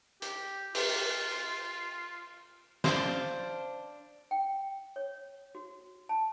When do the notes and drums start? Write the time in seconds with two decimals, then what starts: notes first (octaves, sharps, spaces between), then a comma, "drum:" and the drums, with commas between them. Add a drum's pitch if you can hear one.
0.22 G4, drum: hi-hat
0.75 F4, drum: open hi-hat
2.84 D4 C5 F5 A5, drum: snare
4.31 G5
4.96 C#5
5.55 F#4
6.09 A5